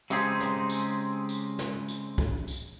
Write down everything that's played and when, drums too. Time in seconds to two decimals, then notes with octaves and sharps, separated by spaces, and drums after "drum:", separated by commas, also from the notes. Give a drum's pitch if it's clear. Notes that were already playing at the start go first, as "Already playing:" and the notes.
0.10 C#3 G#3 C4 D#4 G4 G#4, drum: tambourine
0.40 drum: snare
0.70 drum: tambourine
1.29 drum: tambourine
1.59 drum: snare
1.88 drum: tambourine
2.18 drum: kick
2.48 drum: tambourine